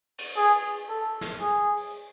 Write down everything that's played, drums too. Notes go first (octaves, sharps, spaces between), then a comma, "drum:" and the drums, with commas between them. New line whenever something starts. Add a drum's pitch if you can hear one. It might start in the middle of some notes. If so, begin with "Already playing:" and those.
drum: cymbal
G#4
A4
drum: snare
G#4
drum: open hi-hat